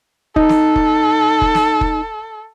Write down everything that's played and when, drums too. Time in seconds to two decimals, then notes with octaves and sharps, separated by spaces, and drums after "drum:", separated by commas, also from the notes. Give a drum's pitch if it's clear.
0.36 D#4 A4, drum: kick F1
0.49 drum: snare
0.76 drum: kick F1
1.42 drum: kick F1
1.55 drum: snare
1.81 drum: kick F1